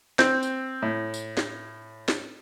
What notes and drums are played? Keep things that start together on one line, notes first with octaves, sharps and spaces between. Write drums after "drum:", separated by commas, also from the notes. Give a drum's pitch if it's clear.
C4 G6, drum: snare
drum: tambourine
A2
drum: tambourine
drum: snare
drum: snare